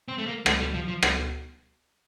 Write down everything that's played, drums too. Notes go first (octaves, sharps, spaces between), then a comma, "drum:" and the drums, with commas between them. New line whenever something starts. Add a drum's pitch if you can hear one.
C4
A3
A#3
A3, drum: rim click
G3
F3
F3
drum: rim click